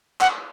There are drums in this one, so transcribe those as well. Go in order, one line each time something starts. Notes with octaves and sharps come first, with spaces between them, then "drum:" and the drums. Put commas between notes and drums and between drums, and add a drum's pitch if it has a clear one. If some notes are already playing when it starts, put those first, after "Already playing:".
F#5, drum: clap